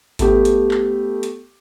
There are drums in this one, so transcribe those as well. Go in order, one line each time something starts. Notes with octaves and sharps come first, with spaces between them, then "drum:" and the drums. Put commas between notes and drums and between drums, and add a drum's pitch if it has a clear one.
A3 B3 G4 A4, drum: kick G#1, hi-hat
drum: hi-hat
drum: clap
drum: hi-hat